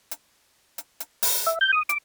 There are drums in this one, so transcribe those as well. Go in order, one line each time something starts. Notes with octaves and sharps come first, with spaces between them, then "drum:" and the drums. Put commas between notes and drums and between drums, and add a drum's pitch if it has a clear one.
drum: hi-hat
drum: hi-hat
drum: hi-hat
drum: open hi-hat
E5
G6
D#6
D6, drum: hi-hat